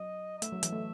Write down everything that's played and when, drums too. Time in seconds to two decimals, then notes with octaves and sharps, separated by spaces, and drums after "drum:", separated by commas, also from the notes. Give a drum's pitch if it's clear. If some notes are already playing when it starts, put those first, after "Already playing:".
Already playing: F#3 D#5
0.37 D#5
0.42 A3 E5, drum: hi-hat
0.52 F#3
0.63 E3, drum: hi-hat
0.72 A3